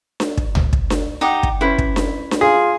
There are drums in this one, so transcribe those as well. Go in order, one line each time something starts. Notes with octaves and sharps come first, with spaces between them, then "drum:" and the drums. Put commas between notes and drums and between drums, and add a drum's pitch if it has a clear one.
drum: snare D4
drum: kick
drum: tom C#2
drum: kick
drum: snare D4
D#4 G4 F#5
drum: kick
C#4 E4 B4 C5
drum: kick
drum: snare D4
drum: snare D4
F4 G#4